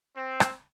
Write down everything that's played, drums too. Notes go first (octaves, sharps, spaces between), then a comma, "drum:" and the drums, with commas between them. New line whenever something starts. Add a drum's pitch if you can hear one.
C4
drum: rim click